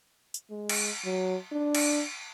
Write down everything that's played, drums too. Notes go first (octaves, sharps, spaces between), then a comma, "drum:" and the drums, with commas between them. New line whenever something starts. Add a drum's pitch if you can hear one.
drum: tambourine
G#3
drum: cymbal
F#3
D4
drum: cymbal